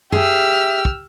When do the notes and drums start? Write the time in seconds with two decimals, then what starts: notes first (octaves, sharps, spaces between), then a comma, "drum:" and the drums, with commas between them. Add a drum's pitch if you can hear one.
0.12 G4 G#4 E5 E6 F6, drum: tom
0.85 drum: kick